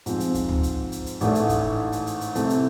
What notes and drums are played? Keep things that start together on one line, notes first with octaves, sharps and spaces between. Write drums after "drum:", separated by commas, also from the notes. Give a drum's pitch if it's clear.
G#2 F3 G#3 C4, drum: hi-hat
drum: hi-hat
drum: kick, hi-hat
drum: tom
drum: hi-hat
drum: hi-hat
drum: hi-hat
A1 G#2 E3 A3 D4, drum: hi-hat
drum: hi-hat
drum: kick, hi-hat
drum: hi-hat
drum: hi-hat
drum: hi-hat
C3 E3 A3 C4, drum: hi-hat
drum: hi-hat